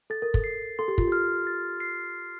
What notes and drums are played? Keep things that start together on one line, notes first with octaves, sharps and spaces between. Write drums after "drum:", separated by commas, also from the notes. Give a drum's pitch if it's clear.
A4 A6
A#4
A4, drum: kick
C7
A4 C6
G4
F4, drum: kick
G4 F6
A6
C7